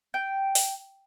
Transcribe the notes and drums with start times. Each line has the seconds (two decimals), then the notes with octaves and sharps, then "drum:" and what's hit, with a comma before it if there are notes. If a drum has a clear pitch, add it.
0.14 G5
0.55 drum: open hi-hat